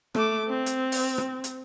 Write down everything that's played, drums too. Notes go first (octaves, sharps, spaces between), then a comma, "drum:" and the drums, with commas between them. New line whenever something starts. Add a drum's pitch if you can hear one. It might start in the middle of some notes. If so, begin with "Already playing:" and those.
A3 D6, drum: rim click
C4
drum: hi-hat
drum: open hi-hat
drum: rim click
drum: hi-hat